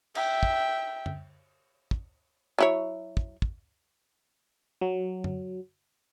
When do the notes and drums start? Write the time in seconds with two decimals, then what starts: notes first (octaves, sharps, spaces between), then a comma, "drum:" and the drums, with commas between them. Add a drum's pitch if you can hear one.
0.15 E5 G5, drum: cymbal
0.43 drum: kick
1.06 drum: tom
1.91 drum: kick
2.59 F#3 E4 C#5
3.17 drum: kick
3.42 drum: kick
4.81 F#3
5.24 drum: tom